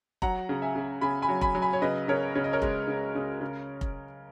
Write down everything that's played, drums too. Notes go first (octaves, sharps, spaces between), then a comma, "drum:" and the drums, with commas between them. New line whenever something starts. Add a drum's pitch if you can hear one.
F#3 F#5 A#5, drum: kick F1
C#3
E5 G#5
C#3
C#3 G#5 B5
G#5 B5
F#3
G#5 B5, drum: kick F1
F#3
G#5 B5
C#5
C#3 B4 D#5
C#3 A#4 C#5
C#3 C#5
D#5
A#4 C#5
G#3, drum: kick F1
C#3
C#3
C#3
drum: kick F1